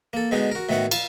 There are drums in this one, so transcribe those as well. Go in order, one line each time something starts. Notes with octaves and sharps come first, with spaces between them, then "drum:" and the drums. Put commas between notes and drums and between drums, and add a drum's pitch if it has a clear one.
A#3 A4
B2 D3 G#3 B3 D#4
F#4 A#4
A2 D#3 B3 E4 F#4 F#5
F4, drum: cymbal